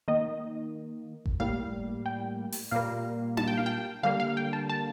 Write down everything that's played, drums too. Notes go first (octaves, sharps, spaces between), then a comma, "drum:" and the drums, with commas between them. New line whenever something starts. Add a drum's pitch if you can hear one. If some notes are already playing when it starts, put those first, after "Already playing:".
D#3 A#3 D#5
drum: kick G1
A2 G3 A#3 F5
G5
drum: open hi-hat
A#2 G3 A#3 F5
A5, drum: tom D4
G5
F5
G5
D3 G3 A#3 F5
F5
G5
A5
A5